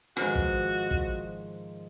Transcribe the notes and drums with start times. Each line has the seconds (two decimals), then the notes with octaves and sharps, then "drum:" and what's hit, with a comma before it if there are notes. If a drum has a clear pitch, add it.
0.17 G#2 D#3 F3 D4 F#4 B4 C5, drum: rim click
0.35 drum: kick
0.91 drum: kick